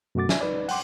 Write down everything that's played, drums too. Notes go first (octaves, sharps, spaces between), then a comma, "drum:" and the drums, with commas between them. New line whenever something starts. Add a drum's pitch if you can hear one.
F#2 B2 A3 F#4 D6 A6
E5 G#5, drum: snare
D#4 B4 D5
F#5 G5 C6 D6, drum: open hi-hat